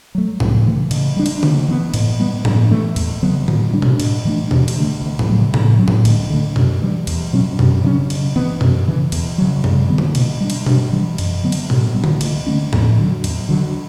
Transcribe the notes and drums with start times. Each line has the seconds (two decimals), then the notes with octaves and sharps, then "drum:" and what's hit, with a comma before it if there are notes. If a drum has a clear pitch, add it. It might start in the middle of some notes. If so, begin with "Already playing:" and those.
0.15 F#3 A3
0.40 C#2, drum: tom A2
0.66 C#3 E3 A3
0.91 C#3, drum: cymbal
1.17 G3 D4
1.26 drum: cymbal
1.43 C#3, drum: tom D3
1.69 E3 B3
1.94 A2, drum: cymbal
2.20 G3 B3
2.45 G2, drum: tom A2
2.71 E3 A3
2.96 E2, drum: cymbal
3.23 C#3 F#3 B3
3.48 A2, drum: tom D3
3.73 G3 D4
3.82 drum: tom B2
4.00 A2, drum: cymbal
4.25 E3 A3 D4
4.51 E2, drum: tom B2
4.68 drum: cymbal
4.77 D3 A3
5.02 D2
5.19 drum: tom A2
5.28 C#3 F#3 A3
5.54 C#3, drum: tom A2
5.79 F#3 C#4
5.88 drum: tom A2
6.05 D2, drum: cymbal
6.30 D3 A3
6.56 F#2, drum: tom B2
6.82 E3 G3
7.07 E2, drum: cymbal
7.33 B2 F#3 C#4
7.59 F#2, drum: tom B2
7.84 C#3 F#3 C#4
8.10 C#3, drum: cymbal
8.36 E3 B3
8.61 F#2, drum: tom B2
8.87 C#3 E3
9.12 E2, drum: cymbal
9.38 C#3 F#3
9.64 F#2, drum: tom C3
9.89 D3 G3 B3
9.98 drum: tom D3
10.15 B2, drum: cymbal
10.41 G3 D4
10.50 drum: cymbal
10.66 G2, drum: tom B2
10.93 E3 G3
11.18 F#2, drum: cymbal
11.43 D3 F#3 B3
11.52 drum: cymbal
11.70 A2, drum: tom B2
11.95 G3 B3
12.04 drum: tom D3
12.21 D2, drum: cymbal
12.47 D3 A3 C#4
12.73 E2, drum: tom A2
12.98 D3 F#3
13.24 E2, drum: cymbal
13.49 D3 F#3